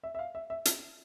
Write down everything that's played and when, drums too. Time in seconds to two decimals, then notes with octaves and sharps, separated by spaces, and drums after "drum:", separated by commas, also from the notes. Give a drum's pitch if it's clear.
0.03 E5
0.15 E5
0.19 F5
0.35 E5
0.50 E5
0.65 drum: hi-hat